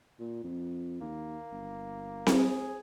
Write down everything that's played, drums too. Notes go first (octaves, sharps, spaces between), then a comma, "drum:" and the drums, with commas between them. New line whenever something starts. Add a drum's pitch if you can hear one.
A#2
F2
D#2 A#3
G1
drum: snare C4
G#4